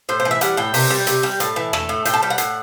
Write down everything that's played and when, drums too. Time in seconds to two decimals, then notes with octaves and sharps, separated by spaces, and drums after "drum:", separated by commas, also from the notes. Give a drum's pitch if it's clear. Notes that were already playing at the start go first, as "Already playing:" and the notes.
0.09 A2 C5
0.20 C5
0.25 E3
0.31 E5
0.41 G3 F#5, drum: hi-hat
0.57 A2 G5
0.74 C3, drum: open hi-hat
0.90 G3
1.07 C3, drum: hi-hat
1.23 G3
1.40 A2 A5, drum: hi-hat
1.56 E3
1.73 A3, drum: rim click
1.89 A2
2.05 A2 G5, drum: hi-hat
2.14 A5
2.23 G3 G5
2.30 F#5
2.38 A2, drum: hi-hat